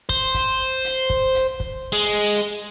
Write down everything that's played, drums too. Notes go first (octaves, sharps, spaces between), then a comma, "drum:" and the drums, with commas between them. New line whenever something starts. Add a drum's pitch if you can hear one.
C5, drum: kick
drum: kick, hi-hat
drum: hi-hat
drum: kick
drum: hi-hat
drum: kick
G#3
drum: hi-hat